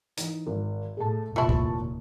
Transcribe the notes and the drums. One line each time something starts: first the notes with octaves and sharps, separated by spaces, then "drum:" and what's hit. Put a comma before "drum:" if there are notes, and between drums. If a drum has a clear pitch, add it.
E3 D#4, drum: hi-hat
G#1
A2 A3 G#4 A4 A5
F1 D#2 A#2 E3 E4 F4 A5 C#6
drum: kick